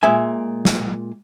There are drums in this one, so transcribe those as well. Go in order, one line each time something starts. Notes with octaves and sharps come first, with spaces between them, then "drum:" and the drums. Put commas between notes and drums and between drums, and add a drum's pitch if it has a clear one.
A#2 G#3 E5 G#5
drum: snare